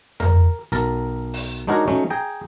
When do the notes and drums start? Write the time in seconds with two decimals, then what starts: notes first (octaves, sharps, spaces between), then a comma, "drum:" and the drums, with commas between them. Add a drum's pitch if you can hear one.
0.20 A#4, drum: tom F2
0.72 B1 A#4 A5, drum: hi-hat
1.34 drum: open hi-hat
1.67 G#3 D4 D#4 F#4 A#4 C#5
1.88 F#3 A3 C#4 D#4
2.10 G#4 G5 A#5